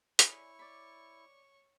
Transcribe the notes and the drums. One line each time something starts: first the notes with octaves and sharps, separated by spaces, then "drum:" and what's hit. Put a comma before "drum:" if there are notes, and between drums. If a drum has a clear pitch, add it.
E4 C#5 D5 G#5 C#6 D#6, drum: hi-hat
D5 B5